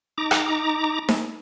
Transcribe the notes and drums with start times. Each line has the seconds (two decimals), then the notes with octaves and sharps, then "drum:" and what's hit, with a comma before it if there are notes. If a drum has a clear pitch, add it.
0.18 D#4 A#5 D6
0.31 drum: rim click
1.09 drum: snare D#4